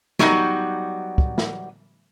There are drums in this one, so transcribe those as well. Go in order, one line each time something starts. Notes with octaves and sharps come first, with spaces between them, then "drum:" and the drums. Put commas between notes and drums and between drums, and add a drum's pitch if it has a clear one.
F#3 G3 B3 D#4 F#4, drum: snare
drum: kick
drum: snare